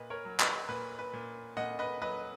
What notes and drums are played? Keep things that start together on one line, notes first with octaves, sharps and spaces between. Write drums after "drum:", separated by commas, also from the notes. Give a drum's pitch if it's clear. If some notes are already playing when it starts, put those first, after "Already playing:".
Already playing: A#2 B4 D#5
A#4 C#5
F#3
B4 D#5, drum: clap
A#2 B4
B4
A#2
A#2 D#5 F#5
B4 D#5
F#3 B4 D#5